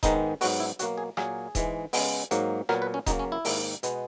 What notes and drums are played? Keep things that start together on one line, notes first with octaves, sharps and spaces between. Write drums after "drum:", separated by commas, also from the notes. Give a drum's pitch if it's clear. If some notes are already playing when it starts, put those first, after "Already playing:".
G#2 D#3 G#3 B3 D#4, drum: kick D#1, hi-hat
G#2 F#3 B3 F#4, drum: open hi-hat
E4
B2 F#3 A#3 F#4, drum: hi-hat
G#4
A#2 F#3 A#3 G#4, drum: rim click
G#2 E3 G#3, drum: kick D#1, hi-hat
C#3 G#3 B3, drum: open hi-hat
G#2 F#3 A#3, drum: hi-hat
A#2 F#3 B3 A#4, drum: rim click
B4
C#4
C#3 F#3 A#3 D#4, drum: kick D#1, hi-hat
C#4
E4
G#2 D#3 A#3, drum: open hi-hat
B2 G#3 B3, drum: hi-hat